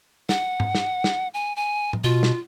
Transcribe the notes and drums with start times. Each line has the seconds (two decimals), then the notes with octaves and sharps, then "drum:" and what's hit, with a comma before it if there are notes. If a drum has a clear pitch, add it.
0.29 F#5, drum: snare
0.60 drum: tom G#2
0.75 drum: snare
1.04 drum: snare
1.34 G#5
1.56 G#5
1.93 drum: tom A2
2.04 B2 F4
2.23 drum: snare